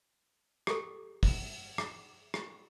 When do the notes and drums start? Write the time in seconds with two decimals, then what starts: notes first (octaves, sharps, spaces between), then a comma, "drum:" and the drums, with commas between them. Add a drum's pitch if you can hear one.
0.67 G4 A4, drum: rim click
1.23 drum: kick, open hi-hat
1.78 drum: rim click
2.34 drum: rim click